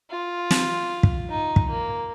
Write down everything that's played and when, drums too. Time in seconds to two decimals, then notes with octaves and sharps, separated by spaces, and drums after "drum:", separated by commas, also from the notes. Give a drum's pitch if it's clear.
0.11 F4
0.51 drum: snare
1.03 drum: kick
1.30 D#4
1.56 drum: kick
1.70 A#3